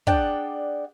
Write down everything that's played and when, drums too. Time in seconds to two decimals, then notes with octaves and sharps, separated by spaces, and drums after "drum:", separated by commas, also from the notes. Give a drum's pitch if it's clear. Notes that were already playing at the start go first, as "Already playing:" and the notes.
0.07 D4 G#4 D5 F#5 G5, drum: kick